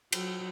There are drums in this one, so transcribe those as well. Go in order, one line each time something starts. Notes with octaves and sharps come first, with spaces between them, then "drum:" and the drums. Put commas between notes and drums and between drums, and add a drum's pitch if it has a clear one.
F#3, drum: cymbal